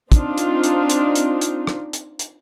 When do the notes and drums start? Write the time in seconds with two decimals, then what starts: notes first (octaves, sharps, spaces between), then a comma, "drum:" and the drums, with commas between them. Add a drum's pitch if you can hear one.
0.12 C4 D4 D#4 F4, drum: kick, hi-hat
0.38 drum: hi-hat
0.64 drum: hi-hat
0.89 drum: hi-hat
1.15 drum: hi-hat
1.41 drum: hi-hat
1.67 drum: rim click
1.93 drum: hi-hat
2.19 drum: hi-hat